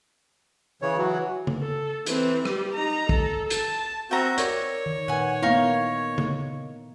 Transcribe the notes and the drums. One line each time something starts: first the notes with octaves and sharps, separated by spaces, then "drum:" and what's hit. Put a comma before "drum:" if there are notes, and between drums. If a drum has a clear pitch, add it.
C#3 E3 C#5
E3 F#3 F#4
drum: tom C#3
A4
E3 C4, drum: hi-hat
G3 G4, drum: rim click
D#4 A#5
A4, drum: kick
A5, drum: hi-hat
C4 F#4 E5 A#5 G6
A#4 C#5 D5, drum: hi-hat
D#3
A#2 B4 F#5 G#5
A#3 B3 D#4 E4 F5 C#6
drum: tom C#3